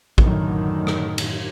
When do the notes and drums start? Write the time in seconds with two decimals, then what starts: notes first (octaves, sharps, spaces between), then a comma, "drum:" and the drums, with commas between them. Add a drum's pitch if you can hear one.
0.18 F#2 A2 D3 D#3, drum: kick
0.87 drum: rim click
1.18 drum: cymbal